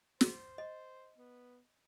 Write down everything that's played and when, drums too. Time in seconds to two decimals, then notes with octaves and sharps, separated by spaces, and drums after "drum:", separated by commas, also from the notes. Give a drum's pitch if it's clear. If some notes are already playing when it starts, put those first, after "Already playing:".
0.21 C5, drum: snare
0.58 D#5
1.18 B3